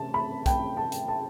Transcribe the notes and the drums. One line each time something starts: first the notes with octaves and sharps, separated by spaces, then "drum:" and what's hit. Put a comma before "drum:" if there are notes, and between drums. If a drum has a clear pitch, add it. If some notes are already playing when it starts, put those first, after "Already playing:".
Already playing: C3 A3 C4 A5
B5
G5, drum: kick, hi-hat
A5
drum: hi-hat
A5